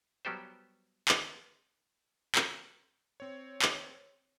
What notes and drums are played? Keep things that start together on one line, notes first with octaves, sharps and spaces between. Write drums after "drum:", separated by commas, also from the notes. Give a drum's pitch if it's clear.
F#3 G3 B3 G4 A4 C5
drum: clap
drum: clap
C4 C#5
drum: clap